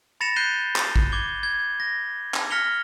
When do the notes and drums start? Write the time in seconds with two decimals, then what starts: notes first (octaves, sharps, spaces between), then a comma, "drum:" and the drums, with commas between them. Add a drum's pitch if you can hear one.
0.20 B5 A6 A#6 C#7 E7 F7
0.36 F#6 G6 C7 D#7 G7
0.76 drum: clap
0.96 drum: kick
1.12 D6 G#6 G7
1.43 G#6
1.80 A#6
2.34 drum: clap
2.50 F6 A#6 B6 C#7 F7 G7